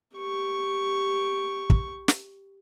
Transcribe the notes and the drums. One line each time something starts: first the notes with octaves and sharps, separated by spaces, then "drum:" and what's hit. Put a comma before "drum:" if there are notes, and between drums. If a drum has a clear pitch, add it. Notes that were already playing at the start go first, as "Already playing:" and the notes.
G4 C#6
drum: kick
drum: snare